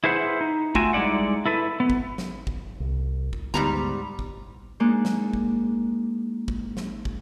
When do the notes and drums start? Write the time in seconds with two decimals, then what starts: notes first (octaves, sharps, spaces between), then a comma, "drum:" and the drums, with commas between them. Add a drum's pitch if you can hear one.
0.04 E4 G#4 B4 C5 F#5
0.41 D#4
0.75 A3 F4 F#4 E5 G5 G#5, drum: kick
0.93 G3 G#3 D#4 E4 D5 F#5
1.46 E4 A4 B4
1.80 B3
1.90 drum: kick
2.18 drum: snare
2.47 drum: kick
2.80 C2
3.33 drum: kick
3.54 D2 G#2 G3 B3 A#5
4.19 drum: kick
4.80 G#3 A#3 D4 D#4
5.05 drum: snare
5.33 drum: kick
6.48 drum: kick
6.77 drum: snare
7.05 drum: kick